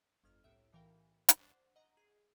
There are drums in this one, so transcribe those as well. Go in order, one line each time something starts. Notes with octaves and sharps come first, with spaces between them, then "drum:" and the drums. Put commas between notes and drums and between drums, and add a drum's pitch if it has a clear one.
G1 F2 F6
C2 A2 E5 D7
B1 A2 E3 A#4 F5 G5
drum: hi-hat
D4 C5 F#5
D#5 F#5 A#5
G#4